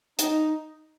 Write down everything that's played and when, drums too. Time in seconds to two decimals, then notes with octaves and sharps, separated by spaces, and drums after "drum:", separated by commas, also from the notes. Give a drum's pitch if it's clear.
0.19 D#4, drum: hi-hat